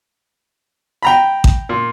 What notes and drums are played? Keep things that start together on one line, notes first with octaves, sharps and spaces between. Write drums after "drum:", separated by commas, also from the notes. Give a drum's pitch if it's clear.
G5 A#5 B5
drum: kick A1
A#2